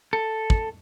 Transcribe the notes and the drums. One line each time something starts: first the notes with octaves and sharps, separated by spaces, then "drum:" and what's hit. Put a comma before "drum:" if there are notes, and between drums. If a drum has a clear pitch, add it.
A4
drum: kick